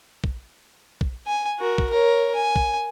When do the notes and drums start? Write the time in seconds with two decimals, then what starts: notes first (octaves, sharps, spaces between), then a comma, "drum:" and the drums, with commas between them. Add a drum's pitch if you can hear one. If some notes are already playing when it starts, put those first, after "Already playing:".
0.24 drum: kick B1
1.01 drum: kick B1
1.27 G#5
1.59 F#4 A#4
1.78 drum: kick B1
1.90 A#4 C#5
2.35 G#5
2.56 drum: kick B1